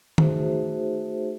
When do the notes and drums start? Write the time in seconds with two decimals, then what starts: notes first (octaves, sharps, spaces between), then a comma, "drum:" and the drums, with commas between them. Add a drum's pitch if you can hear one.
0.18 A3 D#4 F#4 G#4 C5 E5, drum: tom D#3